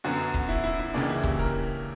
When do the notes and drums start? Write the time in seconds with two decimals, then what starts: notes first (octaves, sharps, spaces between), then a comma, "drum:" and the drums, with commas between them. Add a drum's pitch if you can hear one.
0.04 F#2 D3 F#3 B3 F#4
0.34 drum: kick
0.49 E4
0.64 E4
0.80 E4
0.93 C#2 C#3 E3 A#3 C#4 D4
1.09 E4
1.23 G4, drum: kick
1.39 A#4